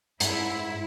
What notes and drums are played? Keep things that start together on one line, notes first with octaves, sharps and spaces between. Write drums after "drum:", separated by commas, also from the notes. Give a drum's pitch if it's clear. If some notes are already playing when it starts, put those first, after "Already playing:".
G#2 E4, drum: hi-hat